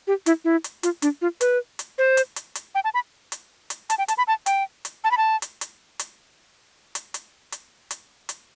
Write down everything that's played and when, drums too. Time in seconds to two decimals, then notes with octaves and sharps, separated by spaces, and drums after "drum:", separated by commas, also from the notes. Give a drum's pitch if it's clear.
0.07 G4
0.26 E4, drum: hi-hat
0.45 E4
0.64 drum: hi-hat
0.83 F4, drum: hi-hat
1.02 D4, drum: hi-hat
1.22 F4
1.41 B4, drum: hi-hat
1.79 drum: hi-hat
1.98 C5
2.17 drum: hi-hat
2.36 drum: hi-hat
2.55 drum: hi-hat
2.75 G5
2.84 A5
2.94 B5
3.32 drum: hi-hat
3.70 drum: hi-hat
3.90 A5, drum: hi-hat
3.98 G5
4.08 A5, drum: hi-hat
4.18 B5
4.28 A5
4.46 G5, drum: hi-hat
4.85 drum: hi-hat
5.04 A5
5.11 B5
5.17 A5
5.42 drum: hi-hat
5.61 drum: hi-hat
5.99 drum: hi-hat
6.95 drum: hi-hat
7.14 drum: hi-hat
7.52 drum: hi-hat
7.91 drum: hi-hat
8.29 drum: hi-hat